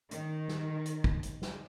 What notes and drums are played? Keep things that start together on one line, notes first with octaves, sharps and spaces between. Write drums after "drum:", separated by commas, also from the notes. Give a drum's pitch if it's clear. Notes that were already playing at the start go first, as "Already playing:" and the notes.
D#3, drum: hi-hat
drum: snare
drum: hi-hat
drum: kick
drum: hi-hat
drum: snare